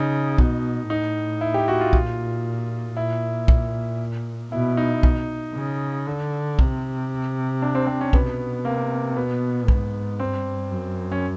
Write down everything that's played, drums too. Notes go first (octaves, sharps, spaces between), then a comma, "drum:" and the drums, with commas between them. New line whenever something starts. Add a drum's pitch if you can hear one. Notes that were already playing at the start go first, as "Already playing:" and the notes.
Already playing: C#3 D#4
B2, drum: kick B1
A2 D#4
E4
G4
F#4
F4
A#2, drum: kick B1
A#2 E4
drum: kick B1
B2 E4
D#4
drum: kick B1
C#3
D3
C3, drum: kick B1
D4
C4
C4
C#4
B2 B3, drum: kick B1
C3 A#3
B2 B3
G#2, drum: kick B1
G2 C4
F#2
C#4